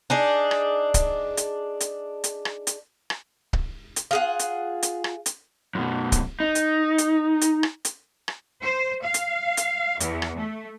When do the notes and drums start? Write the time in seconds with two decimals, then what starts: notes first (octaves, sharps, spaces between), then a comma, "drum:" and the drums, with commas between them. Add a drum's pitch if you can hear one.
0.10 D4 D#4 G#4
0.51 drum: rim click
0.94 drum: kick C#1, hi-hat
1.37 drum: hi-hat
1.80 drum: hi-hat
2.24 drum: hi-hat
2.45 drum: rim click
2.67 drum: hi-hat
3.10 drum: rim click
3.53 drum: kick C#1
3.96 drum: hi-hat
4.11 F4 G#4 F#5
4.39 drum: hi-hat
4.83 drum: hi-hat
5.04 drum: rim click
5.26 drum: hi-hat
5.75 F#2 B2
6.12 drum: kick C#1, hi-hat
6.40 D#4
6.55 drum: hi-hat
6.98 drum: hi-hat
7.41 drum: hi-hat
7.63 drum: rim click
7.85 drum: hi-hat
8.28 drum: rim click
8.62 C5
9.04 F5
9.14 drum: hi-hat
9.57 drum: hi-hat
10.00 E2, drum: hi-hat
10.22 drum: rim click
10.38 A3